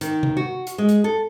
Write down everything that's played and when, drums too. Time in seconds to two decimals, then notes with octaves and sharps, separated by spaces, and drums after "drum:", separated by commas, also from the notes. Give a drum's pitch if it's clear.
0.01 D#3, drum: hi-hat
0.23 drum: tom C3
0.37 F#4
0.67 drum: hi-hat
0.78 G#3
0.89 drum: hi-hat
1.04 A4